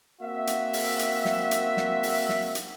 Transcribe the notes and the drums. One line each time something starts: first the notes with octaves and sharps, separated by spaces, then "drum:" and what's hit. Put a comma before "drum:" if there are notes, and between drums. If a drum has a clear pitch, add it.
A#3 C4 F#4 E5
drum: hi-hat
drum: open hi-hat
drum: hi-hat
drum: snare
drum: hi-hat
drum: snare
drum: open hi-hat
drum: snare
drum: hi-hat